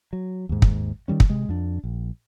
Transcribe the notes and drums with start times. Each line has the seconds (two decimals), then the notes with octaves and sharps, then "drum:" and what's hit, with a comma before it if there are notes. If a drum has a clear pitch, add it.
0.13 F#3
0.49 D#2 G#2
0.62 drum: kick
1.08 D#3 F#3 G3 C#4
1.20 drum: kick
1.30 C3 G#3
1.49 F2 D4
1.84 A#1